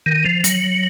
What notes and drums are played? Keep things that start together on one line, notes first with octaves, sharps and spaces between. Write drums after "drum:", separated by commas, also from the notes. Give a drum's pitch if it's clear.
D#3
F3
F#3, drum: hi-hat